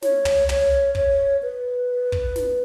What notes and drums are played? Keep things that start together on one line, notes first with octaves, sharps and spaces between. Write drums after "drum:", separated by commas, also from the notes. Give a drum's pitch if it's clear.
C#5, drum: snare
drum: tom
C#5, drum: tom
C#5, drum: kick
B4
drum: kick
drum: snare